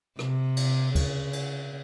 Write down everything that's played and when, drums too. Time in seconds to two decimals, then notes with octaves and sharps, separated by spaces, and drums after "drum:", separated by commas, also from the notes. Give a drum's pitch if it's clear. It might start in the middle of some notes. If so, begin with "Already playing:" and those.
0.19 C3, drum: rim click
0.57 drum: cymbal
0.95 C#3, drum: kick D2, cymbal
1.33 drum: cymbal